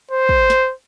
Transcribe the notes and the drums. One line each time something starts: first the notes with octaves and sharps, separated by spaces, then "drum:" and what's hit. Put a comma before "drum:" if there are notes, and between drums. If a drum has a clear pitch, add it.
C5
drum: kick
drum: snare